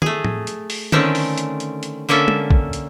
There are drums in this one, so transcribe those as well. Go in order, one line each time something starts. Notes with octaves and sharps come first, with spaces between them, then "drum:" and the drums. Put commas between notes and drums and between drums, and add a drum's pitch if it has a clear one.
A3 G#4, drum: tom
drum: tom A2
drum: hi-hat
drum: open hi-hat
D3 D#3 A3 C4 C#4, drum: tom
drum: open hi-hat
drum: hi-hat
drum: hi-hat
drum: hi-hat
D3 A#3 C#4 A4 E5
drum: tom G#3
drum: kick
drum: hi-hat